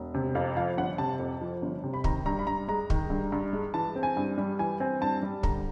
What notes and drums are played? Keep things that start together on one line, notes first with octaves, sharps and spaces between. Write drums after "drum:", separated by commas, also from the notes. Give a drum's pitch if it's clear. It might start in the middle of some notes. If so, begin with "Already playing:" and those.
Already playing: E1
C3
F2 F5
F3 F5
G1 F#5
C3 A5
F2
F3
G1
C3
B5
D#3 A#5, drum: kick
G2 A#5
B5
G2 A#5
G#3 A#5
D#3, drum: kick
G2
G2
G#3
E3 A5
C4
G#5
G2
G3
E3 G#5
C4 G#5
G2 A5
G3
D3 A#5, drum: kick